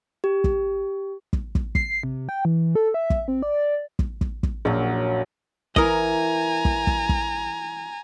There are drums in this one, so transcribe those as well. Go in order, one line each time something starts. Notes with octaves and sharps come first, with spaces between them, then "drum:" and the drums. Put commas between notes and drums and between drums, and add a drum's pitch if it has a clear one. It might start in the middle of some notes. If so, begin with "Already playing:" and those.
G4
drum: kick
drum: kick
drum: kick
C7, drum: kick
C3
G5
E3
A4
E5
drum: kick
C4
D5
drum: kick
drum: kick
drum: kick
A#1 F#2 F#3
E3 A#4 D#5 G#5 A#5, drum: kick
drum: kick
drum: kick
drum: kick